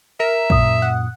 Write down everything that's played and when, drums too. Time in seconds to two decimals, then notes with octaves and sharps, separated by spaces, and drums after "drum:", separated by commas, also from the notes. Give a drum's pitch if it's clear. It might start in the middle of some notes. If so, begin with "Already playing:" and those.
0.20 A#4 E5
0.50 F#2 A#2 D#6, drum: kick
0.82 F#5